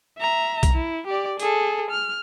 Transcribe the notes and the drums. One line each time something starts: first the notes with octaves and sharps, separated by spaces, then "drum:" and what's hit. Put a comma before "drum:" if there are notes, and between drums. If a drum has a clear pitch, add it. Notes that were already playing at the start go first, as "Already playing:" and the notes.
E5 A#5
drum: kick, hi-hat
E4
G4 D5
G#4 A4, drum: hi-hat
F6